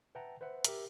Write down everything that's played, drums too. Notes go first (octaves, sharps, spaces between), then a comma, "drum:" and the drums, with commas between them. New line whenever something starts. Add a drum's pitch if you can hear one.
B4 E5 F#5 G5 A5 A#5
B4 C5 E5 F#5
G4 A#4 E5, drum: hi-hat